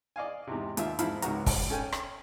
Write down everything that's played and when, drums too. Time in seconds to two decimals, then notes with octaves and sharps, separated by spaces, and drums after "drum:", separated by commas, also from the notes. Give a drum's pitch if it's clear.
0.16 D5 D#5 F5 G#5
0.47 E2 G#2 C3
0.77 D#2 F4 E5, drum: hi-hat
0.99 E2 G#2 F3 E4 F5 B5, drum: hi-hat
1.22 C#2 G#2 F#4 A#5, drum: hi-hat
1.46 drum: kick, open hi-hat
1.70 C#4 A4 G5 G#5
1.92 drum: rim click